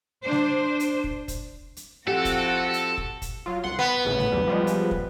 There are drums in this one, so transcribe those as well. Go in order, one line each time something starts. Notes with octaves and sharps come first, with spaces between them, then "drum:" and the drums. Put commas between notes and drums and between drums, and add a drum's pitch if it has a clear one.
D4 C5
drum: snare
drum: hi-hat
drum: kick
drum: kick, hi-hat
drum: hi-hat
F3 C4 F#4 G4 A4 F#5
drum: kick, hi-hat
drum: hi-hat
drum: kick
drum: kick, hi-hat
F#3 F4
C2 F#5 C6
B3 B5
G#1 A2 C#3
drum: snare
B1 E2 G3
F3 G3 G#3
drum: hi-hat
drum: kick